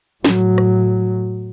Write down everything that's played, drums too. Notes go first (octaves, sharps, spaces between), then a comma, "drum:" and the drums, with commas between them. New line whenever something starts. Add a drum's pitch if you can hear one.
A2 F#3, drum: snare
drum: rim click